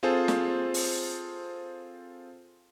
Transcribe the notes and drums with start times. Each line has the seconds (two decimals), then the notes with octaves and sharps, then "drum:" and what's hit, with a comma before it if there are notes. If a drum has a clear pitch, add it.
0.03 C4 F4 G#4 A4 C5
0.28 drum: snare
0.74 drum: open hi-hat